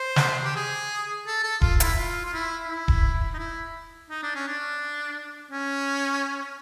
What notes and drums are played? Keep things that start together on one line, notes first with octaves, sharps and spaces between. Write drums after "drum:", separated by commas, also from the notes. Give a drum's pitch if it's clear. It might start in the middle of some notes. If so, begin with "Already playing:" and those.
Already playing: C5
drum: snare
G4
G#4
A4
A4
F4, drum: kick D#1
E4, drum: hi-hat
F4
F4
E4
E4
drum: kick D#1
D#4
E4
D#4
D4
C#4
D4
C#4